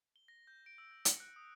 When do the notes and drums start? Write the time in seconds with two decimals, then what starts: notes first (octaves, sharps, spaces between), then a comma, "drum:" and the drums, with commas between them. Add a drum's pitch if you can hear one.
0.16 G7
0.28 A#6
0.47 G6
0.66 D7
0.78 E6
0.91 G6
1.05 C#7, drum: hi-hat
1.20 F#6
1.36 D#6